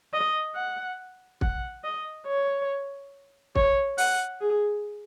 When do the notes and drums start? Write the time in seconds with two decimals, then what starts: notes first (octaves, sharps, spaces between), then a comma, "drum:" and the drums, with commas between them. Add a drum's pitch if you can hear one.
0.13 D#5
0.55 F#5
1.41 F#5, drum: kick
1.84 D#5
2.27 C#5
3.55 C#5, drum: kick
3.98 F#5, drum: open hi-hat
4.41 G#4